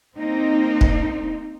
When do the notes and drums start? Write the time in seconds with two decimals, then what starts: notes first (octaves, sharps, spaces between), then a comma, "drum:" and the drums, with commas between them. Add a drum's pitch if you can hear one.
0.16 A#3 C4 D#4
0.81 drum: kick